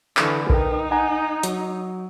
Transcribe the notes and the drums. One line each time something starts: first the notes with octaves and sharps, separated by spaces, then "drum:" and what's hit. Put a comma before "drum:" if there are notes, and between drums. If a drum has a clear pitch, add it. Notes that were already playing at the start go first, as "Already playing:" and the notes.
D3 E3, drum: clap
D#4 A#4 B4 G5, drum: kick A#1
F#5 G#5 A#5
F#3, drum: hi-hat